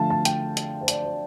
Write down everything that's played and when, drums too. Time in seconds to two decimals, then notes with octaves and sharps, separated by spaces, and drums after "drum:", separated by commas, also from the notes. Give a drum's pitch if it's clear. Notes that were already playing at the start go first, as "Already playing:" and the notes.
Already playing: D3 F3 A3 F5 A5
0.10 A5
0.25 G5, drum: hi-hat
0.57 drum: hi-hat
0.81 C5
0.88 D5, drum: hi-hat
1.04 C5